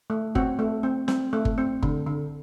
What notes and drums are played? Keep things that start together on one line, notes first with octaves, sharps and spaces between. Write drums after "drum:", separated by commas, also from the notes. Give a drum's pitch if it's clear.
A3
C4 F#4, drum: kick G1
A3
C4
C4, drum: snare
A3
drum: kick G1
C4
D3, drum: kick G1
D3